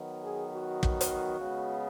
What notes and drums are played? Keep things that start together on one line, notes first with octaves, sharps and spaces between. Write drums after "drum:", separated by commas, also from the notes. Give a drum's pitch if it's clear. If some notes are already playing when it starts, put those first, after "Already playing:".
Already playing: D#3 F#3 B3
G#4
F#4
drum: kick
drum: hi-hat
C#3 G#3 B3